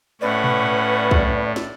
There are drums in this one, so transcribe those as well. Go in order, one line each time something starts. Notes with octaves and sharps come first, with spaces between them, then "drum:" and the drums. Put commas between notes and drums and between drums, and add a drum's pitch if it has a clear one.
A2 C#4 B4 D5 F#5
drum: tom A#2
drum: kick B1
drum: snare